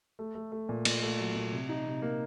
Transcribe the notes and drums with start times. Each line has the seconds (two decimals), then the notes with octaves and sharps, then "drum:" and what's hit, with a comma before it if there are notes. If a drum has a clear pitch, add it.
0.19 A3
0.35 A3
0.52 A3
0.69 A#2
0.85 A#2, drum: cymbal
1.02 A3
1.19 F#3
1.35 A#2
1.52 C3
1.69 D#4
1.86 C3
2.02 A#3